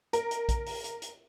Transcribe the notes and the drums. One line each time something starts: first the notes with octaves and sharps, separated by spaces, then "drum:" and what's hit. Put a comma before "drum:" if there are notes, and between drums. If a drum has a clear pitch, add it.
A#4, drum: hi-hat
drum: hi-hat
drum: kick A#1, hi-hat
drum: open hi-hat
drum: hi-hat
drum: hi-hat